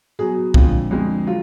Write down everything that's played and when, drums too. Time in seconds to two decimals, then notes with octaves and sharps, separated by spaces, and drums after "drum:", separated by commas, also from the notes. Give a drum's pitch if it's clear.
0.19 B2 F#3 G#4
0.54 F2 D3 G#3 F4, drum: kick C2
0.91 F2 D3 G#3
1.27 F#3 F4